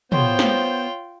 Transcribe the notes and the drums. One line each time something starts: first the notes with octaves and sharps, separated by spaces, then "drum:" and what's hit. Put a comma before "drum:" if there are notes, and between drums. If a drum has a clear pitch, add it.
B3 F4 C5 C#5 G5 C6, drum: tom
drum: snare